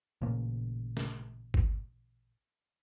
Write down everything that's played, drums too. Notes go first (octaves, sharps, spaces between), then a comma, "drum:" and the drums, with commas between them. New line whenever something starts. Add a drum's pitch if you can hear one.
A1 A#2 C#3 A#3
drum: snare
drum: kick G#1